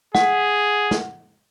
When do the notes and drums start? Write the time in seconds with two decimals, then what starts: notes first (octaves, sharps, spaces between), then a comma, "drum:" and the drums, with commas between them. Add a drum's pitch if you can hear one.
0.15 G#4 F#5, drum: snare
0.91 drum: snare